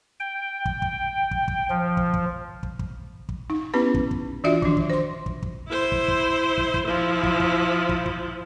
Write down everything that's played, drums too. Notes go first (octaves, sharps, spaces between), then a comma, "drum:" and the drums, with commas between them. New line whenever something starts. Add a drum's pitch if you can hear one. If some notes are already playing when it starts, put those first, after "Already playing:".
G5
drum: kick
drum: kick
drum: kick
drum: kick
F3
drum: kick
drum: kick
drum: kick
drum: kick
drum: kick
D#4
B3 C#4 E4 G4 B4
drum: kick
drum: kick
E3 D4 F4 F#4 D5 E5
D#3 F3 D4, drum: kick
drum: kick
C5 C6
drum: kick
drum: kick
E4 C5
drum: kick
drum: kick
drum: kick
drum: kick
F3 E4
drum: kick
drum: kick
drum: kick
drum: kick